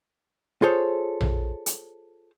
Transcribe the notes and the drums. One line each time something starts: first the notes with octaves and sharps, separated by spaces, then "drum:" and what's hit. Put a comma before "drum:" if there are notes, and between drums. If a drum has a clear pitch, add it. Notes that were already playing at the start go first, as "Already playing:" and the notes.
F4 G#4 A4 C5 C#5
drum: tom A#1
drum: hi-hat